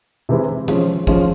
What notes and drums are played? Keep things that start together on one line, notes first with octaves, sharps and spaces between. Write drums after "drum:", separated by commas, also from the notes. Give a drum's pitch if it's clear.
C3 E3 G#3 C4 E4
F3 G#3 C#4, drum: tom D#3
F3 G#3 C#4 F4, drum: kick